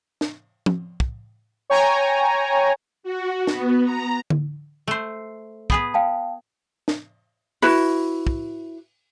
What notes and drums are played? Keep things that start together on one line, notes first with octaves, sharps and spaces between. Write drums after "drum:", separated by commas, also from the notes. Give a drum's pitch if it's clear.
drum: snare
drum: tom
drum: kick
C#5 G5 G#5 A#5
F#4
B3, drum: snare
A#5
drum: tom D3
A3 C5
B3 G#4 B4, drum: kick
F5 G5 A5
drum: snare
E4 F#4 B4, drum: open hi-hat
drum: kick